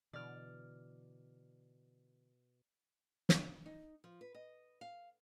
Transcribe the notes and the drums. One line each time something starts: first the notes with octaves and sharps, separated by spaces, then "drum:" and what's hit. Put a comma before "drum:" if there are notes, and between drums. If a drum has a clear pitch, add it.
B2 D3 E3 D5 F6
drum: snare
D#4
F3
B4
D#5
F5